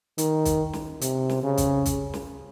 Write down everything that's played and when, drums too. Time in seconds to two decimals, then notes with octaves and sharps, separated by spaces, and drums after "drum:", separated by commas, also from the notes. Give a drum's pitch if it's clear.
0.18 D#3, drum: hi-hat
0.45 drum: kick, hi-hat
0.73 drum: snare
1.01 C3, drum: hi-hat
1.29 drum: snare
1.43 C#3
1.57 drum: kick, hi-hat
1.86 drum: kick, hi-hat
2.14 drum: snare